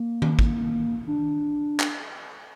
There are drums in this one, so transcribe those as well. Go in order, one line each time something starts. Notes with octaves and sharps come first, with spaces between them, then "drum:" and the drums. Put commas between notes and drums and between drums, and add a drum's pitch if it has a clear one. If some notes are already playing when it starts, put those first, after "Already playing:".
Already playing: A#3
drum: tom D#3
drum: kick
D4
drum: clap